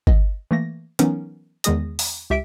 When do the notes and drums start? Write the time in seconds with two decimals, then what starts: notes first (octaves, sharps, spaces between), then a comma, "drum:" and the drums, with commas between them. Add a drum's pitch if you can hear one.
0.07 D#5, drum: kick G1
0.51 E3 A3 A#3 A#6
0.99 E3 F#3 B3 C#4 D#4 A#4, drum: hi-hat
1.64 E2 D#3 G#3 G#4 D#6 A#6, drum: hi-hat
1.99 drum: open hi-hat
2.30 C#2 G4 E5 B6 D7